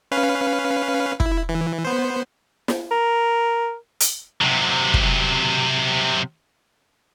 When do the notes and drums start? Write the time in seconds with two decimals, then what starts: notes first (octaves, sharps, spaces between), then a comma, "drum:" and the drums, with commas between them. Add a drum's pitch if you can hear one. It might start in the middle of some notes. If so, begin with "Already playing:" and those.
0.11 C#4 B4 F5
1.20 E4, drum: kick
1.49 E3
1.85 B3 C5
2.68 drum: snare
2.91 A#4
4.00 drum: hi-hat
4.41 C3 F#3
4.94 drum: kick